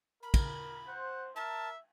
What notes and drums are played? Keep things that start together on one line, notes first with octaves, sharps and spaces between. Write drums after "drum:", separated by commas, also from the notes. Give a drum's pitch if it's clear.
A#4 B5
drum: kick, cymbal
C5 F#5
A#4 E5 A5